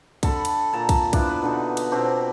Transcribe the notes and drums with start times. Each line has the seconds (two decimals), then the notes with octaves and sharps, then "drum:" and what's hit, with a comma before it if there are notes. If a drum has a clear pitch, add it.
0.23 D3 A4 B5, drum: kick, cymbal
0.45 drum: cymbal
0.73 A#2 A5 A#5
0.89 drum: kick, cymbal
1.13 B3 D4 E4 F4, drum: kick, cymbal
1.29 B4
1.42 B2 D3 D#4
1.77 drum: cymbal
1.92 B2 C4 D4 G4